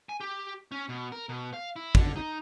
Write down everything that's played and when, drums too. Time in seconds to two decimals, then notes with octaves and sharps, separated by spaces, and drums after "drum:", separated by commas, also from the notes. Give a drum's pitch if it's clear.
0.09 G#5
0.20 G4
0.72 C#4
0.89 B2
1.12 A#4
1.29 B2
1.54 F5
1.76 E4
1.95 D3, drum: kick
2.16 D#4